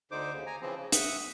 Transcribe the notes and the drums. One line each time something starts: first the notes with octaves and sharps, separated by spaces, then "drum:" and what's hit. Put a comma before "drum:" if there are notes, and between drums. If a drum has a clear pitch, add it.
D2 D3 D#4 C5 D6
D#2 C#3
G#5 A#5
C#3 E3 F3 C4
C#3
E5 F#5 D#6 E6, drum: hi-hat